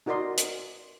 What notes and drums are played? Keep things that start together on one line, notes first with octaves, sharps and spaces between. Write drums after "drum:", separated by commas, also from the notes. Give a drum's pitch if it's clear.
D#4 F#4 A#4 D5 D#5 C6
drum: hi-hat